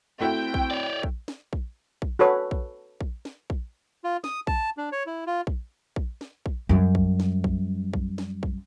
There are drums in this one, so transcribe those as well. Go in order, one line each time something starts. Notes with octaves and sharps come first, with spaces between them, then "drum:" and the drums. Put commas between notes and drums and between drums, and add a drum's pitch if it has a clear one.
A3 C4 E4 F#4 G5
drum: kick A#1
C#5 D5
drum: kick A#1
drum: snare
drum: kick A#1
drum: kick A#1
F#4 A4 B4 C#5
drum: kick A#1
drum: kick A#1
drum: snare
drum: kick A#1
F4
D#6, drum: snare
A5, drum: kick A#1
D4
C#5
E4
F4
drum: kick A#1
drum: kick A#1
drum: snare
drum: kick A#1
F#2 G3
drum: kick A#1
drum: snare
drum: kick A#1
drum: kick A#1
drum: snare
drum: kick A#1